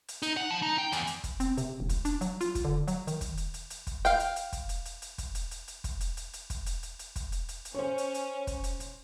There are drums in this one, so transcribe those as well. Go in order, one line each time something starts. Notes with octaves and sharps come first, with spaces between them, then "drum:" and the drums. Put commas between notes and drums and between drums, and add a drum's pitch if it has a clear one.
drum: hi-hat
D#4, drum: hi-hat
F#5
F3
D#4
G5
E2, drum: hi-hat
drum: hi-hat
drum: kick, hi-hat
C4, drum: hi-hat
C3, drum: hi-hat
E1
drum: kick, hi-hat
D4, drum: hi-hat
F#3, drum: hi-hat
F4, drum: hi-hat
drum: kick, hi-hat
D3
F#3, drum: hi-hat
D#3, drum: hi-hat
drum: kick, hi-hat
drum: hi-hat
drum: hi-hat
drum: hi-hat
drum: kick, hi-hat
F5 G5, drum: hi-hat
drum: hi-hat
drum: hi-hat
drum: kick, hi-hat
drum: hi-hat
drum: hi-hat
drum: hi-hat
drum: kick, hi-hat
drum: hi-hat
drum: hi-hat
drum: hi-hat
drum: kick, hi-hat
drum: hi-hat
drum: hi-hat
drum: hi-hat
drum: kick, hi-hat
drum: hi-hat
drum: hi-hat
drum: hi-hat
drum: kick, hi-hat
drum: hi-hat
drum: hi-hat
drum: hi-hat
C#4 C5 C#5
drum: hi-hat
drum: hi-hat
drum: kick, hi-hat
drum: hi-hat
drum: hi-hat